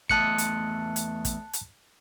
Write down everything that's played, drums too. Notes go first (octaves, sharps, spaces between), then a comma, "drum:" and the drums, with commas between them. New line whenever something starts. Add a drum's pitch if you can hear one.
E2 A3 D#5 A5 F#6 C#7, drum: kick
drum: hi-hat
drum: hi-hat
drum: kick, hi-hat
drum: hi-hat